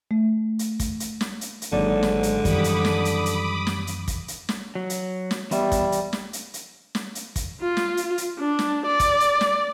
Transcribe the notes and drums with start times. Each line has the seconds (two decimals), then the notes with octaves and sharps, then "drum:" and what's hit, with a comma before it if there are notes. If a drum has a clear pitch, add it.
0.11 A3
0.59 drum: hi-hat
0.80 drum: kick, hi-hat
1.00 drum: hi-hat
1.21 drum: snare
1.41 drum: hi-hat
1.62 drum: hi-hat
1.72 G#1 G#2 D3 F#3 A#3 D5
2.03 drum: snare
2.23 drum: hi-hat
2.45 F#2 D#3 E3 G3 B5 D6 D#6, drum: kick, hi-hat
2.64 drum: hi-hat
2.85 drum: snare
3.05 drum: hi-hat
3.26 drum: hi-hat
3.67 drum: snare
3.87 drum: hi-hat
4.08 drum: kick, hi-hat
4.28 drum: hi-hat
4.49 drum: snare
4.75 F#3
4.90 drum: hi-hat
5.31 drum: snare
5.51 E2 G3 B3 E5, drum: hi-hat
5.72 drum: kick, hi-hat
5.92 drum: hi-hat
6.13 drum: snare
6.33 drum: hi-hat
6.54 drum: hi-hat
6.95 drum: snare
7.15 drum: hi-hat
7.36 drum: kick, hi-hat
7.61 F4
7.77 drum: snare
7.97 drum: hi-hat
8.18 drum: hi-hat
8.40 D4
8.59 drum: snare
8.87 D5
9.00 drum: kick, hi-hat
9.20 drum: hi-hat
9.41 drum: snare